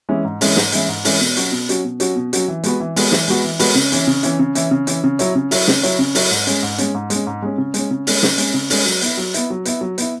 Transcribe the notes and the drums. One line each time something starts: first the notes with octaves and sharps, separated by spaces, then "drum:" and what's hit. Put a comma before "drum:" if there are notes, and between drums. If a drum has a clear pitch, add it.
E3 G#3 C#4 E4
G#2
E3 G#3 C#4 E4, drum: open hi-hat
G#2, drum: snare
E3 G#3 C#4 E4, drum: hi-hat
G#2
E3 G#3 C#4 E4, drum: open hi-hat
B2
F#3 C#4 F#4, drum: hi-hat
B2
F#3 C#4 F#4, drum: hi-hat
B2
F#3 C#4 F#4, drum: hi-hat
B2
F#3 C#4 F#4, drum: hi-hat
E3
G#3 B3 F#4 B4, drum: hi-hat
E3
G#3 B3 F#4 B4, drum: open hi-hat
E3, drum: snare
G#3 B3 F#4 B4, drum: hi-hat
E3
G#3 B3 F#4 B4, drum: open hi-hat
C#3
E3 C#4 E4, drum: hi-hat
C#3
E3 C#4 E4, drum: hi-hat
C#3
E3 C#4 E4, drum: hi-hat
C#3
E3 C#4 E4, drum: hi-hat
C#3
F#3 E4 C#5, drum: hi-hat
C#3
F#3 E4 C#5, drum: open hi-hat
C#3, drum: snare
F#3 E4 C#5, drum: hi-hat
C#3
F#3 E4 C#5, drum: open hi-hat
G#2
G#3 C#4, drum: hi-hat
G#2
G#3 C#4, drum: hi-hat
G#2
G#3, drum: hi-hat
C#4
G#2
G#3 C#4
C#3
G#3 C#4, drum: hi-hat
C#3
G#3 C#4, drum: open hi-hat
C#3, drum: snare
G#3 C#4, drum: hi-hat
C#3
G#3 C#4, drum: open hi-hat
F#3
B3 E4, drum: hi-hat
F#3
B3 E4, drum: hi-hat
F#3
B3 E4, drum: hi-hat
F#3
B3 E4, drum: hi-hat